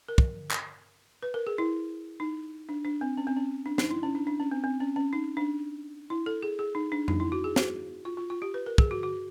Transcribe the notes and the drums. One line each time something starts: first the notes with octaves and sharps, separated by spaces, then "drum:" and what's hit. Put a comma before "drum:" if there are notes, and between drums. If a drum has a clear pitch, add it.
A#4
drum: kick
drum: clap
B4
A#4
G#4
E4
D#4
D4
D4
C4
C#4
C4
C#4
D4
D#4, drum: snare
E4
C#4
D4
D4
C#4
C4
C4
C#4
C#4
D#4
D4
E4
A4
G#4
G#4
D#4
D4
D#4, drum: tom F2
E4
F#4
G#4
F#4, drum: snare
F4
F4
F4
G4
B4
A#4
G#4, drum: kick
F#4
F#4